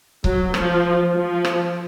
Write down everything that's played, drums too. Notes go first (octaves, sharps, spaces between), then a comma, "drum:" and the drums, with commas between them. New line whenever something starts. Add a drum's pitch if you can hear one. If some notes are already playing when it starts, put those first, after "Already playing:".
F#3, drum: kick C#1
F3, drum: rim click
F3
drum: rim click